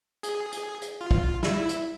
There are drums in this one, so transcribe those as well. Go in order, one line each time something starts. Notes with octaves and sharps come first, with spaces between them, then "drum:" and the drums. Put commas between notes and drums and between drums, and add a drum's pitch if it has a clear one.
G#4, drum: hi-hat
drum: hi-hat
drum: hi-hat
F4
drum: kick
E4, drum: snare
drum: hi-hat